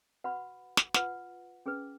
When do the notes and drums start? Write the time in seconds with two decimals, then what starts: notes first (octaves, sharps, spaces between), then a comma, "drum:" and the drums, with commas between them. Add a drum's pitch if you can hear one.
0.24 F#4 B4 F#5 B5
0.77 drum: snare
0.94 F4 B4 F#5, drum: snare
1.66 C#4 G#4 B4